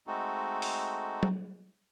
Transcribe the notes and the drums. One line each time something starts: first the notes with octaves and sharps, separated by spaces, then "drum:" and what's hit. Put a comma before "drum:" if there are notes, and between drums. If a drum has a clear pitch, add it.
G#3 A3 C4 D#4 F#4 A4
drum: open hi-hat
drum: tom F#3